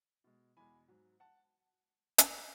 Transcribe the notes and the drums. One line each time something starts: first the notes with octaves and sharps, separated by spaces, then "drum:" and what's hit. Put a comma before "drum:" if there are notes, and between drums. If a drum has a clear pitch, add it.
B2 G#3
E2 B2 G#3 G#5 B5
G#2 F#3
F#5 A5
drum: hi-hat